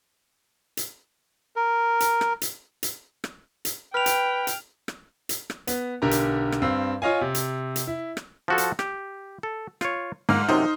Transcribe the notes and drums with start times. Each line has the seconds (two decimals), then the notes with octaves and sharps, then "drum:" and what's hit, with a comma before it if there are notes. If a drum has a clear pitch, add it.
0.77 drum: hi-hat
1.56 A#4
2.00 drum: hi-hat
2.21 drum: rim click
2.42 drum: hi-hat
2.83 drum: hi-hat
3.24 drum: rim click
3.65 drum: hi-hat
3.94 B4 G5 F6 F7
4.06 drum: hi-hat
4.47 drum: hi-hat
4.88 drum: rim click
5.29 drum: hi-hat
5.50 drum: rim click
5.67 B3, drum: hi-hat
6.02 B1 D3 G4 A#4 A#5
6.11 drum: hi-hat
6.52 drum: rim click
6.62 G2 C4 F5 E6
7.02 F4 C#5 D#5 F5 G#5
7.21 C3
7.35 drum: hi-hat
7.76 drum: hi-hat
7.87 E4
8.17 drum: rim click
8.48 F3 F#4 A4
8.58 drum: hi-hat
8.79 G4, drum: rim click
9.43 A4
9.81 F4 C#5, drum: rim click
10.29 G#2 A#3 F6
10.49 F#2 C3 D#4 C5